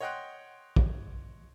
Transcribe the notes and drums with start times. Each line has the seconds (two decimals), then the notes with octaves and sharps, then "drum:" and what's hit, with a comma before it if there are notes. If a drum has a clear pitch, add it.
0.01 C#5 D#5 F#5 G5 C6 F#6
0.76 drum: kick